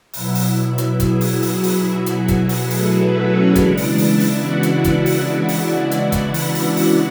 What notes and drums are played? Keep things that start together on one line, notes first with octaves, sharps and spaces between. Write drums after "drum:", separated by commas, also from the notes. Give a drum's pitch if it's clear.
B2 F#3 B3 E4 E5, drum: open hi-hat
drum: open hi-hat
drum: hi-hat
G#4, drum: kick, hi-hat
drum: open hi-hat
F#4, drum: open hi-hat
drum: open hi-hat
F#4
drum: hi-hat
G#4, drum: kick, hi-hat
drum: open hi-hat
A3 A4, drum: open hi-hat
B3 B4
C#4 C#5
C#3 E3 G#3 B3 D4 D5, drum: kick, hi-hat
drum: open hi-hat
E4 E5, drum: open hi-hat
drum: open hi-hat
F#4 F#5
drum: hi-hat
drum: kick, hi-hat
drum: open hi-hat
E4 E5
drum: open hi-hat
drum: hi-hat
D4 D5, drum: kick, hi-hat
drum: open hi-hat
E4 E5, drum: open hi-hat
drum: open hi-hat